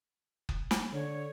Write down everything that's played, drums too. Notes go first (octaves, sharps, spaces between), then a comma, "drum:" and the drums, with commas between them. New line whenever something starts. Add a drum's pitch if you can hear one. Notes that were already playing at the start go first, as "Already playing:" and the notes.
drum: kick F#1
drum: snare
D3 C#5